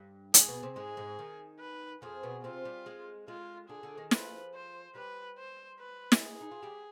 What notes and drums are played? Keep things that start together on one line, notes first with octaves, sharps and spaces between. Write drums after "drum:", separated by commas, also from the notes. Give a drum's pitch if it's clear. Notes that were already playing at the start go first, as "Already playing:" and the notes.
Already playing: G2 G3
G#2 G#3 G#4, drum: hi-hat
B2 B3
C3 C4
G#2 G#3 G#4
G#2 G#3
D#3
B4
F2 F3 G#4
B2 B3
C3 C4 F4
G3 G4
G#3 G#4
G#3 F4 G#4
D3 D4 G#4
D3 D4
D#3 D#4
F3 F4 B4, drum: snare
C5
G3 G4 B4
C5
B4
drum: snare
G#4
D#4
F4
G3 G4